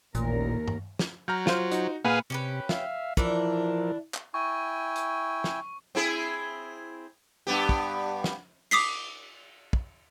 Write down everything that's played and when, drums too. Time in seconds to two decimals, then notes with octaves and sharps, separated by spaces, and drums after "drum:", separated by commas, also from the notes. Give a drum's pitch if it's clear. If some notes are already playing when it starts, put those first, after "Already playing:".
0.15 A1 D#2 A#2 A#4, drum: hi-hat
0.68 drum: tom G2
0.99 drum: snare
1.28 F#3 A#5 F6 G6
1.47 F4 C5, drum: snare
1.71 D#4 F#4, drum: hi-hat
2.05 A#2 G#4 B4 F5 F#5 B5 F6
2.30 C3 C#4 G4 B4
2.69 E5 F5, drum: snare
3.17 E3 F3 D4 E4 A#4, drum: kick
4.14 drum: clap
4.34 E4 G5 G#5 C#6
4.96 drum: hi-hat
5.44 drum: snare
5.95 C4 E4 G#4
7.47 G2 B3 G4
7.69 drum: kick
8.24 drum: snare
8.71 D6 D#6 B6 C7, drum: cymbal
9.73 drum: kick